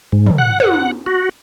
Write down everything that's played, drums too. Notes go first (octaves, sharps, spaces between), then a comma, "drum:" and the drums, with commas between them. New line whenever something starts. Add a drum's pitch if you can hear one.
G#2
drum: tom
F#5
F#5, drum: tom
F#4